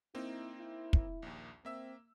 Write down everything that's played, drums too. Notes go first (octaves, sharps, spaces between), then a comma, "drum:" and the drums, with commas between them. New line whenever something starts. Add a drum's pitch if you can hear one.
A#3 C4 D#4 E4
E4
drum: kick
A#1 D#2
A#3 C4 E5 E6